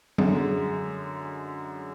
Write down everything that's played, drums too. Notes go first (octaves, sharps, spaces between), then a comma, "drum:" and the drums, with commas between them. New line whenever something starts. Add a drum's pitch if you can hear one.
F#2 D3 G#3, drum: tom F#3